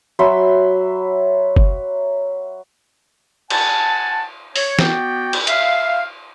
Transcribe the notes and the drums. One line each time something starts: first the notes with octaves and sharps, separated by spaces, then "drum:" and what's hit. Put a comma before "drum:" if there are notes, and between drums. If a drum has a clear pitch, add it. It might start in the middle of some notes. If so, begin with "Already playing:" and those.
F#3 E5 B5 C6
drum: kick F#1
F#5 G#5 A5, drum: cymbal
C#5, drum: open hi-hat
B3 F#4 D5 G5, drum: snare
drum: cymbal
E5 F5, drum: hi-hat